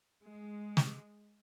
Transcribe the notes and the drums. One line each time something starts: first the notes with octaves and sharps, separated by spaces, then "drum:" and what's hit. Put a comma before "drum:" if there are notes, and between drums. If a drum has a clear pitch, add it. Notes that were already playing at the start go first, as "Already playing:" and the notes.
G#3
drum: snare